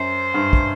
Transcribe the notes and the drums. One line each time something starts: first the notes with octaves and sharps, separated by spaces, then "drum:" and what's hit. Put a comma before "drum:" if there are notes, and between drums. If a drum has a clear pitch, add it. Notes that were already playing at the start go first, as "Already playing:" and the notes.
Already playing: F#2 C5
G2
drum: kick